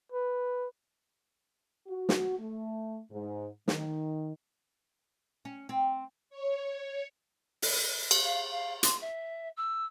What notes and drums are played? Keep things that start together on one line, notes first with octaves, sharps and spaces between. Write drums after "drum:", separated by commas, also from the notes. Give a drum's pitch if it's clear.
B4
F#4
drum: snare
A3
G#2
D#3, drum: snare
C#4
C4
C#5
drum: open hi-hat
drum: cymbal
F5
F5
C6, drum: hi-hat
E5
E6